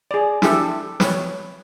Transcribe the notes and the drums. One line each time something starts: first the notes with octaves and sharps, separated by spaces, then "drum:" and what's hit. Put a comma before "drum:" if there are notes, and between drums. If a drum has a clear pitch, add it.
G#4 D5
D4 E4 G4 A4, drum: snare
B4 C#5, drum: snare